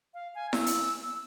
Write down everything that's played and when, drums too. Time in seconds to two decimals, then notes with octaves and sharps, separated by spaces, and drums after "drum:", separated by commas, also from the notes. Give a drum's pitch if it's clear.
0.14 F5
0.35 G#5
0.53 E6, drum: snare E4
0.66 drum: hi-hat